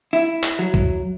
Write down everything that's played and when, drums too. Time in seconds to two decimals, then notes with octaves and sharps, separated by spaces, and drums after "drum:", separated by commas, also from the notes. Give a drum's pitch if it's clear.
0.13 E4
0.43 drum: clap
0.59 F#3
0.74 drum: kick